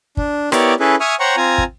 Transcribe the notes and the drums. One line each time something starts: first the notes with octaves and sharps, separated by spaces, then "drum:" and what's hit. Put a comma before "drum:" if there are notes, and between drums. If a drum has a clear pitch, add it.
D4, drum: kick
B3 E4 G4 A#4 C#5 D5, drum: rim click
C#4 E4 G#4 A4 B4
E5 G#5 C#6 D#6 F6
C5 C#5 F#5 G5 A#5 C#6
C4 F4 G#5 A#5
drum: kick